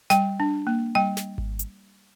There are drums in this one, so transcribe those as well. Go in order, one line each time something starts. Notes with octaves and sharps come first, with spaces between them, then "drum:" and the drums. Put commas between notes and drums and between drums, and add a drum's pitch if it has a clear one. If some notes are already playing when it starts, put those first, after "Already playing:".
G3 G5, drum: snare
D4
A#3
G3 G5
drum: snare
drum: kick G#1
drum: hi-hat